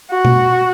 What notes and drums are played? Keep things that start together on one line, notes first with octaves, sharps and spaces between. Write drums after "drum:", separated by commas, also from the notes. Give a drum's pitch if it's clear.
F#4
drum: tom B2